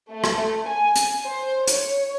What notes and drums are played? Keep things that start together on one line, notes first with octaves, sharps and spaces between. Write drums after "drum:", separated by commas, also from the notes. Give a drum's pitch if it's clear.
A3
drum: rim click
G#5
drum: hi-hat
C5
C#5, drum: hi-hat